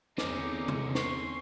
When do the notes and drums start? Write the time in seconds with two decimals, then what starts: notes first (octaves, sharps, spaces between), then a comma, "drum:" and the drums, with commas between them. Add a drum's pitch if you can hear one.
0.18 E2 D3 C4 C#4 D#4 D6, drum: snare
0.68 drum: tom C3
0.95 C6 C#6, drum: snare